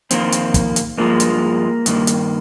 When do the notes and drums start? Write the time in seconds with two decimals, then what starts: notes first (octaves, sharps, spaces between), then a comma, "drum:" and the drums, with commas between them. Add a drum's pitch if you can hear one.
0.11 F2 D#3 A#3 C4, drum: hi-hat
0.32 drum: hi-hat
0.54 drum: kick, hi-hat
0.76 drum: hi-hat
0.98 G2 F3 G#3 A#3
1.20 drum: hi-hat
1.86 G2 D#3 A#3, drum: hi-hat
2.07 drum: hi-hat